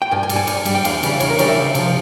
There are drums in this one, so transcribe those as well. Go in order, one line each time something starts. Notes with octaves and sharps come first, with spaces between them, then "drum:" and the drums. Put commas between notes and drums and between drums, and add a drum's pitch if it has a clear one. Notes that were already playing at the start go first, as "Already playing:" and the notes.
G5
G2 G#5
G#5
G3, drum: cymbal
G#5
G2, drum: cymbal
G3, drum: cymbal
G5
E2 F5, drum: cymbal
C#3 E3 G3, drum: cymbal
E2 C#5, drum: cymbal
A#4
C#3 E3 G3 C#5, drum: cymbal
E5
C#2 F5
C3 F3, drum: cymbal